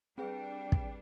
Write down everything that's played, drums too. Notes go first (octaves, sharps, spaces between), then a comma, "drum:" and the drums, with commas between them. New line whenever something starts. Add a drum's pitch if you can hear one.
G3 C4 D4 G#4 B4 G5
drum: kick